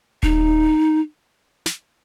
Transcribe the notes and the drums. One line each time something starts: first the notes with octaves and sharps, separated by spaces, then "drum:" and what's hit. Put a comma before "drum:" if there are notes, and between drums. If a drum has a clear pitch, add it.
D#4, drum: kick D#1
drum: snare